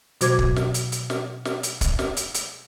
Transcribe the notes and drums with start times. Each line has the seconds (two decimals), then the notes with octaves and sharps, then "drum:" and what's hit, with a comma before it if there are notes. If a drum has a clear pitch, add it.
0.21 B2 F#3 F#4 C5 D6 G#6, drum: hi-hat
0.39 drum: kick
0.56 drum: snare
0.74 drum: hi-hat
0.92 drum: hi-hat
1.10 drum: snare
1.45 drum: snare
1.63 drum: hi-hat
1.81 drum: kick, hi-hat
1.99 drum: snare
2.17 drum: hi-hat
2.34 drum: hi-hat